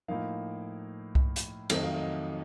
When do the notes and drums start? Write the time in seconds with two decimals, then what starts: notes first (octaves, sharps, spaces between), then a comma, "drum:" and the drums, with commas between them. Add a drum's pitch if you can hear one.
0.08 A2 F3 A#3 D#4 F5
1.15 drum: kick C2
1.36 drum: hi-hat
1.70 F2 D#3 F#3 A3 D#5, drum: cymbal
1.84 F5
1.98 D#5